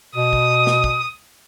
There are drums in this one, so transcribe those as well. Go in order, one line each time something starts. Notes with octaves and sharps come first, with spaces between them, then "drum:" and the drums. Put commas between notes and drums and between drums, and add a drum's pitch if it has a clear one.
B2 D#6
drum: kick
drum: snare
drum: kick